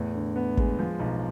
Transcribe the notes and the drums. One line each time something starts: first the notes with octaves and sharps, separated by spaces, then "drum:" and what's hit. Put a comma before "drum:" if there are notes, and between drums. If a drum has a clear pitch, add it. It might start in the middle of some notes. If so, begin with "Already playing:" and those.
Already playing: E2 A2
D3
B3
G#3, drum: kick
F3
B1